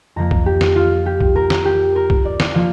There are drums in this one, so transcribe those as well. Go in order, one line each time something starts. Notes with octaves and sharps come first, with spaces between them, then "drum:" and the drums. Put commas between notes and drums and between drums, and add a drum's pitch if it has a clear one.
F2 F3 A#3 A#5
drum: kick B1
G4
drum: snare
F4
G4
drum: kick B1
A#4
drum: snare
G4
A#4
drum: kick B1
D5
drum: snare
F3 A#3 F5